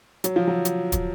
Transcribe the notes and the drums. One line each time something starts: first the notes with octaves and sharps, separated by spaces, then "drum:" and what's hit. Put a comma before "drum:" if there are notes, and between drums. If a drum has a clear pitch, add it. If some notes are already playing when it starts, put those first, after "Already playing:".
F#3, drum: hi-hat
F3
F#3
drum: hi-hat
drum: kick, hi-hat